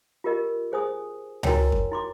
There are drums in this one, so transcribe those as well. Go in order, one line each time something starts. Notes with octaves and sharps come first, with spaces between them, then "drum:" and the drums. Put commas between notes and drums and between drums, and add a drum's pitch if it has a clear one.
F4 G4 A#4 D#5
G#4 C5 G#5 D#6
E4 F#4 A#4 C#5 G5 G#5, drum: tom C#2
drum: kick F2
E4 C6 D6